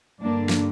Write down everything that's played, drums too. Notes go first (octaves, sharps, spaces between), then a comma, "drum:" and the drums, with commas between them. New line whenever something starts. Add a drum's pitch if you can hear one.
G2 D3 A#3 D4
drum: snare